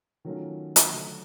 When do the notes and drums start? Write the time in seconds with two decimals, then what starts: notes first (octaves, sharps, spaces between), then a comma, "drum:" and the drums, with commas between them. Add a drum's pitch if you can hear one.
0.25 D#3 F#3 A3 C#4 F4
0.76 drum: hi-hat
0.91 D3 F#3 A3